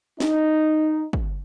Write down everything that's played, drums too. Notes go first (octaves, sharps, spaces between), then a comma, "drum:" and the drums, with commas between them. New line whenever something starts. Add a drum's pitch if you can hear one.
D#4, drum: snare
drum: kick